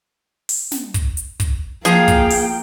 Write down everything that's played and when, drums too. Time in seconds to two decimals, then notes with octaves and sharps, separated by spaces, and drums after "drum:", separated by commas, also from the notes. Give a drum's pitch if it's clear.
0.49 drum: open hi-hat
0.72 drum: snare
0.94 drum: kick, hi-hat
1.17 drum: hi-hat
1.40 drum: kick, hi-hat
1.85 F3 A#3 G#4 F5 G5, drum: hi-hat
2.08 drum: kick, hi-hat
2.30 drum: open hi-hat